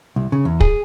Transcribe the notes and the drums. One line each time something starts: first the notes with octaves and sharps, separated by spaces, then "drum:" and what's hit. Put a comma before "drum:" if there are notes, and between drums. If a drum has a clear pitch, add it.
C2
C#3
E2
G#4, drum: kick